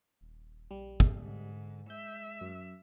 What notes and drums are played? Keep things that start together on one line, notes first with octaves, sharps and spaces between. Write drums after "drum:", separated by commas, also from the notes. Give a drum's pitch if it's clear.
D#1
A#1 G3
drum: kick
G#2 D3
G#3 E5 G6
F#2